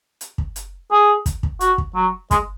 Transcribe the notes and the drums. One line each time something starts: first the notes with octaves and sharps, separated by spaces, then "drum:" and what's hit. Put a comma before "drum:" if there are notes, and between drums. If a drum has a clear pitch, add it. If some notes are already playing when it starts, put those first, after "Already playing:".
drum: hi-hat
drum: kick
drum: hi-hat
G#4
drum: kick, hi-hat
drum: kick
F#4, drum: hi-hat
drum: kick
F#3
G#3, drum: kick, hi-hat